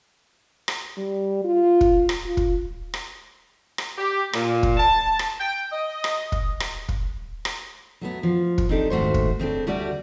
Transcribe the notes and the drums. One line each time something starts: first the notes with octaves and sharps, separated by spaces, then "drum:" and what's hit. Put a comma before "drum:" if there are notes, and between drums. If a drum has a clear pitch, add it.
drum: rim click
G3
F4
drum: kick
drum: rim click
F4
drum: kick
drum: rim click
drum: rim click
G4
A#2, drum: rim click
drum: kick
A5
drum: rim click
G5
D#5
drum: rim click
drum: kick
drum: rim click
drum: kick
drum: rim click
F#3 A3 B3
F3
drum: kick
C4 D4 D#4 G4 A4
D#2 G#2 A3 F#4 C5
drum: kick
C#3 C4 D4 A4
D2 G3 A3 F#4 D5